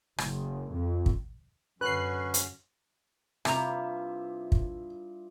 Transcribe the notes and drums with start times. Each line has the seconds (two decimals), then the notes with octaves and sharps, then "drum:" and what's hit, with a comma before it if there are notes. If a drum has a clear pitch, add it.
0.18 F#1, drum: rim click
0.75 F2
1.06 drum: kick
1.81 F#2 D3 C#4 F#4 B4 F#6 C7
2.34 drum: hi-hat
3.45 G2 C3 E4 F4 E5 A#5, drum: rim click
4.52 drum: kick